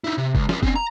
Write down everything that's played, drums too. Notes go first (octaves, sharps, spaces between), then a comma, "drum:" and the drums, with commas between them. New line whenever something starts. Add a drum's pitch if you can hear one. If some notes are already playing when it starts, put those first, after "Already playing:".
D#4 E4
C3
C#2, drum: kick F#1
F4 G#4, drum: snare
C4 C#4, drum: kick F#1
A#5